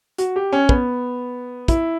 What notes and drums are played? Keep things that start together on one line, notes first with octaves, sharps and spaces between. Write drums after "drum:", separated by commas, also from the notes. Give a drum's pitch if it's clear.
F#4, drum: hi-hat
G4
C#4
B3, drum: kick
E4, drum: kick, hi-hat